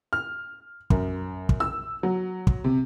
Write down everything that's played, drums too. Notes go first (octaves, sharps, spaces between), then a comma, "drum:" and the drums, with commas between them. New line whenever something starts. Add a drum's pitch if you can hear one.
F6
F#2, drum: kick
drum: kick
E6
F#3
drum: kick
C3